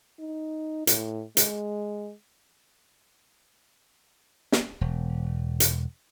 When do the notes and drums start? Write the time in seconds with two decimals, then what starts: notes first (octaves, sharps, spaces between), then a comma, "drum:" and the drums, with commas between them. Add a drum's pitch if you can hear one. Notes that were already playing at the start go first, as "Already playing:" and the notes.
0.19 D#4
0.87 A2, drum: hi-hat
1.37 G#3, drum: hi-hat
4.52 drum: snare
4.81 E1
5.60 drum: hi-hat